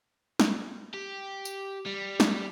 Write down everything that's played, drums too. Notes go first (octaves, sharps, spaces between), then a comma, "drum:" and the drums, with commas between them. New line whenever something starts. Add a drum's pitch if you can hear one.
drum: snare
G4
drum: tambourine
G3
drum: snare